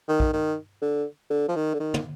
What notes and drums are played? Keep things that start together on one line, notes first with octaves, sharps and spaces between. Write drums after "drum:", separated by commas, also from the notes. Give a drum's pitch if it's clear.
D#3
drum: kick A#1
D#3
D3
D3
F3
D#3
D3
D#3
drum: tom